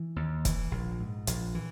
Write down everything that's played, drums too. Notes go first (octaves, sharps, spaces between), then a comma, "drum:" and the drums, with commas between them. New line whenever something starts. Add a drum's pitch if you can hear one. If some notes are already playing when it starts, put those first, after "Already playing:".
Already playing: E3
D#2
E3, drum: kick E1, hi-hat
A#1
G#2
A#1, drum: hi-hat
E3